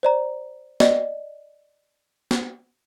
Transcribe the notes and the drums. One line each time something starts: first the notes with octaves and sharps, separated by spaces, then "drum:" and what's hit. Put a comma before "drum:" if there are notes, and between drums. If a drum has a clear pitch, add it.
C5 D5 A#5
D5 D#5, drum: snare
drum: snare